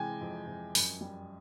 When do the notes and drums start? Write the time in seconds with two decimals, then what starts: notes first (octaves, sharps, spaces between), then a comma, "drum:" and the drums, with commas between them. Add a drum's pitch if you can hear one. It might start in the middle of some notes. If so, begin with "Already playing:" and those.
Already playing: C3 E3 G#3 G5 G#5
0.21 F2
0.47 F2
0.75 F#2, drum: open hi-hat
1.01 G3